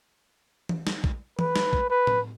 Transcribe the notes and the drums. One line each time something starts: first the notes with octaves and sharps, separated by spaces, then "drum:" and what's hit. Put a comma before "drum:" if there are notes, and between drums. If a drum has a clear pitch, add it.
drum: tom E3
drum: snare
drum: kick A#1
B4, drum: tom E3
drum: snare
drum: kick A#1
B4
drum: tom A2